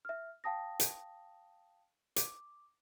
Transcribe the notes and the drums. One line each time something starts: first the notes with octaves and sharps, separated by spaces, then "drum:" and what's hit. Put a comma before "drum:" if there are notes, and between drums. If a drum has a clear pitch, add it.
E5 F6
F5 G5 A5 D#6 A#6
drum: hi-hat
D6, drum: hi-hat